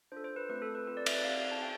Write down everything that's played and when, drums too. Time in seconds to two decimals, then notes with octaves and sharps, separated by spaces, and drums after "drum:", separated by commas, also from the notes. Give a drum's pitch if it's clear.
0.12 D4 F4 A4 C5
0.24 C5
0.36 B4
0.49 A3 C4 F4 B4
0.62 A4
0.75 B4
0.87 C4 F4 A4 B4
0.97 D5
1.06 E5, drum: cymbal
1.15 D5
1.25 C4 G4 F5
1.51 A5
1.62 G5